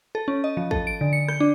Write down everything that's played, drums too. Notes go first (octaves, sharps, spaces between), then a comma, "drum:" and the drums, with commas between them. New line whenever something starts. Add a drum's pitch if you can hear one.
A4
C#4
D#5
F3
A4, drum: kick
D7
D3
C#7
G6, drum: rim click
D4